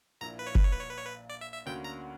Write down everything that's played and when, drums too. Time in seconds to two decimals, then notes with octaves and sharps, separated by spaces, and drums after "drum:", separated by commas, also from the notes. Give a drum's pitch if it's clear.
0.21 A#1 A#2 A#3 E4 A#5
0.39 B4
0.47 C#5
0.55 B4, drum: kick F#1
0.64 C#5
0.72 B4
0.80 C#5
0.89 B4
0.97 C#5
1.06 B4
1.30 D5
1.41 E5
1.54 E5
1.66 D2 D3 A#3 C#4 F#4 G5
1.84 A#5